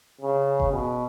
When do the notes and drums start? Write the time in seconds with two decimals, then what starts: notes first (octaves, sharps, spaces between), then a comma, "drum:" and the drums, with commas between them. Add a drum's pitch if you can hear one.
0.21 C#3
0.60 drum: kick F#1
0.72 B2